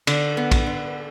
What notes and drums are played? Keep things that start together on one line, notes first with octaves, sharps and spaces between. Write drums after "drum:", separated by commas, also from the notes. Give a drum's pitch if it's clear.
D3, drum: cymbal
B3
drum: kick A#1, cymbal
D3